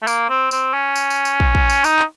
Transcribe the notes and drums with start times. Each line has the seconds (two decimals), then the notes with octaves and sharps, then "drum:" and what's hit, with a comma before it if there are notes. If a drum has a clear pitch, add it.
0.02 A3
0.07 A#3, drum: tambourine
0.29 C4
0.51 C4, drum: tambourine
0.73 C#4
0.96 drum: tambourine
1.10 drum: tambourine
1.25 drum: tambourine
1.40 drum: kick
1.55 drum: kick
1.70 drum: tambourine
1.84 D#4, drum: tambourine
1.99 drum: clap